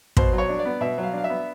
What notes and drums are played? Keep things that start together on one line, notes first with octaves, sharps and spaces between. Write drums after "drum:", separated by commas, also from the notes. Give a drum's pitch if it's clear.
B2 C5, drum: kick
F#3
C#5
D4
D5
B3
B2 E5
F#3
F5
D4 F5
E5
B3